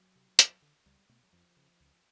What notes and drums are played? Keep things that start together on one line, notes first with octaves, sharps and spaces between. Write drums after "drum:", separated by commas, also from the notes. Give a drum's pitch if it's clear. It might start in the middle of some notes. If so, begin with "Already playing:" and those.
Already playing: F#3
C3
D2, drum: hi-hat
D3
C#2 G3
B2 A3
F#3
F2 F3
C#3
C#2